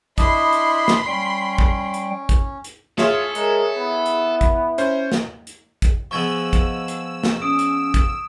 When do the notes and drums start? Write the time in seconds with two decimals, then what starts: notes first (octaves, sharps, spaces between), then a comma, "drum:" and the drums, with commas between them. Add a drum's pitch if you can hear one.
0.18 D4 E4 D#5 B5 C6, drum: kick, hi-hat
0.53 drum: hi-hat
0.88 drum: snare
1.07 G3 C#4 G5
1.58 drum: kick
1.94 drum: hi-hat
2.29 drum: kick, hi-hat
2.64 drum: hi-hat
2.98 F4 G#4 A4 C#5 E5, drum: snare
3.35 G#3 A#4, drum: hi-hat
3.77 B3 E4
4.06 drum: hi-hat
4.41 drum: kick, hi-hat
4.78 C#4 C5, drum: hi-hat
5.12 drum: snare
5.47 drum: hi-hat
5.82 drum: kick, hi-hat
6.11 F3 G#3 B3 C#6 E6 G#6 F#7
6.53 drum: kick, hi-hat
6.88 drum: hi-hat
7.24 drum: snare
7.42 C#4 D#6 D7
7.59 drum: hi-hat
7.94 drum: kick, hi-hat